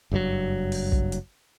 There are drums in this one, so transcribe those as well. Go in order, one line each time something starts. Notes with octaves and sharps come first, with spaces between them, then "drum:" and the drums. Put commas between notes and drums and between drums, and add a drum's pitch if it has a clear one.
F#1 G2 C#3 F#3
drum: open hi-hat
drum: kick
drum: hi-hat